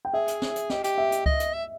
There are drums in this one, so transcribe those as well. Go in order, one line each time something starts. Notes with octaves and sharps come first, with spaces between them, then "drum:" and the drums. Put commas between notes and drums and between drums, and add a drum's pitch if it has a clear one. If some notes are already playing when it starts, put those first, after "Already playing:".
G5
G#4 E5
drum: hi-hat
drum: snare
drum: hi-hat
G4 D#5, drum: snare
G4, drum: hi-hat
E5
drum: hi-hat
D#5, drum: kick C#2
drum: hi-hat
E5